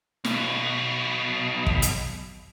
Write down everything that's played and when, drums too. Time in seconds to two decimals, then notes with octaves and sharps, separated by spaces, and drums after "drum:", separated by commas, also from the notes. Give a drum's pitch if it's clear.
0.25 B1 B2, drum: snare
1.67 drum: kick
1.82 drum: hi-hat